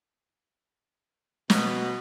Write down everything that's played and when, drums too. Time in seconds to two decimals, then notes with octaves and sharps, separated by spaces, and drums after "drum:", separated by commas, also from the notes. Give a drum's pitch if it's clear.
1.50 B2, drum: snare